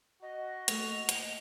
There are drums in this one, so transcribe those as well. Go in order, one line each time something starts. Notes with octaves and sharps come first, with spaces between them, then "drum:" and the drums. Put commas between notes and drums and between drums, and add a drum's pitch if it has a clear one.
F#4 D#5
A3 A#3 F7, drum: hi-hat
drum: hi-hat